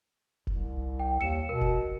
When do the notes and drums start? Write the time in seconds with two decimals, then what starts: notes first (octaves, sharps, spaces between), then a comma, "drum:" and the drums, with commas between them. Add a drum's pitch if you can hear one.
0.47 C2, drum: kick F1
0.99 G5
1.20 D#2 E6 C#7 E7
1.49 B2 A#4
1.61 drum: kick F1